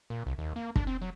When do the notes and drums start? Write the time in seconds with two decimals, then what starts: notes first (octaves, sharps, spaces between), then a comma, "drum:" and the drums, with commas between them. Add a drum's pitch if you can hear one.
0.10 A#2
0.26 C2
0.38 D#2
0.56 A#3
0.76 D4, drum: kick
0.87 C4
1.01 F#3